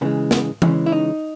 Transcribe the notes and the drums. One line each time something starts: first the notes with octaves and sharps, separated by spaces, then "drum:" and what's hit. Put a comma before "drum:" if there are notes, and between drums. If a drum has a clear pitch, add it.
C#3 E3 G#3 B3
B3, drum: snare
C#3 E3 G#3 C#4, drum: tom E3
E4
D#4